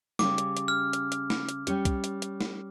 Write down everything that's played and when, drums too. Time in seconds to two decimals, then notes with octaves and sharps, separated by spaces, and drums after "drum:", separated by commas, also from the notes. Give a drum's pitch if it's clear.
0.19 C#3 G3 C#4 G4 D6, drum: snare
0.38 drum: hi-hat
0.57 drum: hi-hat
0.68 F6
0.93 drum: hi-hat
1.12 drum: hi-hat
1.30 drum: snare
1.49 drum: hi-hat
1.67 G3 C#4 G4 C#5, drum: hi-hat
1.85 drum: kick, hi-hat
2.04 drum: hi-hat
2.22 drum: hi-hat
2.41 drum: snare